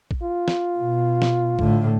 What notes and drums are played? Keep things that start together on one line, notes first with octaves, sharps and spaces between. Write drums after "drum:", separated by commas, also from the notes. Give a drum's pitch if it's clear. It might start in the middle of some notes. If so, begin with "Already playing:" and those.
drum: kick A1
F4
drum: snare
B2
drum: snare
A2 D3, drum: kick A1